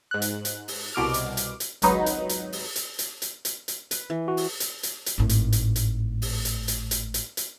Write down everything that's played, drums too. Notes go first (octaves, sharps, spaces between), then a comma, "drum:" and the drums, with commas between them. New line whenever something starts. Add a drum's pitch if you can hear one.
G#2 F#6
drum: hi-hat
drum: hi-hat
drum: open hi-hat
C2 B2 D6 F6
drum: hi-hat
drum: hi-hat
drum: hi-hat
G#1 C#2 F#3 D#4 B4, drum: hi-hat
drum: hi-hat
drum: hi-hat
drum: open hi-hat
drum: hi-hat
drum: hi-hat
drum: hi-hat
drum: hi-hat
drum: hi-hat
B4, drum: hi-hat
E3
F#4
drum: open hi-hat
drum: hi-hat
drum: hi-hat
drum: hi-hat
G#1 A2
drum: hi-hat
drum: hi-hat
drum: hi-hat
drum: open hi-hat
drum: hi-hat
drum: hi-hat
drum: hi-hat
drum: hi-hat
drum: hi-hat